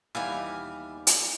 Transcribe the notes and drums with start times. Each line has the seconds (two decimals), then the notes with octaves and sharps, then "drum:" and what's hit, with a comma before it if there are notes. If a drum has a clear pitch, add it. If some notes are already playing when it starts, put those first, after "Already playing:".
0.15 D#2 E3 G3 B3 G4 F5 G#5
1.07 drum: hi-hat